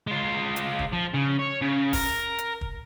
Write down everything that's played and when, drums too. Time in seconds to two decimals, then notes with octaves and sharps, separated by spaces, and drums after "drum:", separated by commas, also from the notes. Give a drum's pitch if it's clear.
0.07 G#3 F4
0.56 drum: hi-hat
0.79 drum: kick
0.93 F3
1.14 C#3
1.39 C#5
1.62 C#3
1.93 A#4, drum: kick, open hi-hat
2.38 drum: hi-hat
2.61 drum: kick